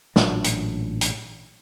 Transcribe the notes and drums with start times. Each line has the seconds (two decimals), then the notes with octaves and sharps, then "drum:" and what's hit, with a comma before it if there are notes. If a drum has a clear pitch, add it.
0.16 A1 A#2 F#3 D4, drum: snare
0.44 drum: hi-hat
1.01 drum: hi-hat